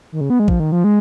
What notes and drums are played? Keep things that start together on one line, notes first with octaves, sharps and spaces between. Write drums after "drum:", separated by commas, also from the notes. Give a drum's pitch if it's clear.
D#3
C#3
B3
G#3
F3, drum: kick A1
D#3
F3
G#3